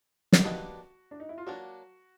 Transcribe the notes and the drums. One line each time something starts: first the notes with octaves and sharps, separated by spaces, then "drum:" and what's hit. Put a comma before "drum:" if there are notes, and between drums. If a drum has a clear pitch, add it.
drum: snare
A#3 D4 F#4 G4 B4 D#5
D4
D#4
E4
F4
F#3 A#3 D4 F#4